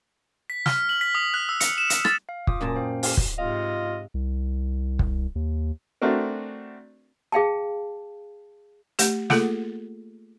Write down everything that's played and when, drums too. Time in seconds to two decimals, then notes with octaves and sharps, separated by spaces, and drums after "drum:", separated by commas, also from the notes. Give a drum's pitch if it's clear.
0.50 B6
0.66 F6, drum: snare
0.89 F#7
1.01 B6
1.15 D#6
1.34 F#6
1.49 E6
1.60 C#7, drum: hi-hat
1.78 E7
1.90 C#7, drum: hi-hat
2.05 A6, drum: rim click
2.29 F5
2.47 F4 D6 D#6, drum: kick
2.61 F#2 A#2 A5
2.76 C5 F5 G5
3.03 F5 G#5 F6, drum: open hi-hat
3.17 drum: kick
3.38 G#2 C3 F4 D#5 F5
4.14 C2
4.99 drum: kick
5.35 D#2
6.02 A3 C4 D4 F#4 A#4
7.32 G#4 F5 G5 A5
8.99 A3 G4, drum: hi-hat
9.30 A3 A#3 F4 G#4 A4, drum: snare